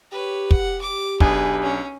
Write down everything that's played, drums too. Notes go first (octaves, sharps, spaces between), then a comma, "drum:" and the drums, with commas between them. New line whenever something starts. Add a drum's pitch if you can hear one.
G4 B4 C#5
F#5, drum: kick
D6
B1 D4 G#4 B4 G#5, drum: kick
C#4